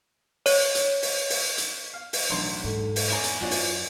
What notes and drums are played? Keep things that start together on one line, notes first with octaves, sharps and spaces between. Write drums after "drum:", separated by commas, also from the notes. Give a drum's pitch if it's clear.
C#5, drum: open hi-hat
drum: hi-hat
drum: open hi-hat
drum: open hi-hat
drum: hi-hat
F5
drum: open hi-hat
B1 E2 A2 D4 C6
G#2 A4
drum: open hi-hat
C#4 E4 G#4 D5 A#5
drum: hi-hat
F#2 C#4 D4 F4 F#4
drum: open hi-hat